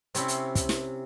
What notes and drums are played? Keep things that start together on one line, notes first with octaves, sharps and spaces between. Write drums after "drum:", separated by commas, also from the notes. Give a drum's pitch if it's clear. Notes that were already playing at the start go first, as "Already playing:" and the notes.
C3 C4 C#4 E4, drum: hi-hat
drum: hi-hat
drum: kick, hi-hat
drum: snare